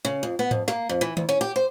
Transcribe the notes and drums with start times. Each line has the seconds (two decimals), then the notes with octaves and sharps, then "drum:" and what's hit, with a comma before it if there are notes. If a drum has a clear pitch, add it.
0.05 C#3
0.23 F2
0.39 B3
0.51 F2, drum: tom G#2
0.68 A#3, drum: snare
0.89 F2
1.01 E3
1.17 D2, drum: tom D#3
1.29 C#4
1.41 G4
1.56 C5